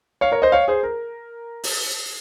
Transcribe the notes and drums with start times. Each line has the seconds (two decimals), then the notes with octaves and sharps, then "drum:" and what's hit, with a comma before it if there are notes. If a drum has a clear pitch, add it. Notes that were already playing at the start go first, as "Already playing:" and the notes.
0.21 C#5 F5
0.32 A#4 C#5
0.42 C5 D#5
0.52 C#5 F5
0.68 G#4 C5
0.83 A#4
1.64 drum: open hi-hat